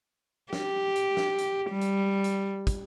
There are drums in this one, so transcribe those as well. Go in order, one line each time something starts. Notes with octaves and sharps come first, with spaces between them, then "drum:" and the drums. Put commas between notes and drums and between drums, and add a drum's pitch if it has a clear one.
G4, drum: snare
drum: hi-hat
drum: snare
drum: hi-hat
G3
drum: hi-hat
drum: hi-hat
drum: kick, hi-hat